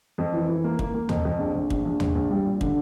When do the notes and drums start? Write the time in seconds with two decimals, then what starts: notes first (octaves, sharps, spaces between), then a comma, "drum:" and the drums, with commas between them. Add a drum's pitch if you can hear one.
0.18 F2
0.33 E3
0.49 E3
0.64 A#3
0.79 A#3, drum: kick
0.94 A#3
1.09 F2, drum: tom
1.25 F2
1.39 A#1
1.55 A#1
1.70 A#1, drum: kick
1.85 A#1
2.00 A#1, drum: tom
2.15 A#1
2.30 G3
2.46 A#2
2.61 D3, drum: kick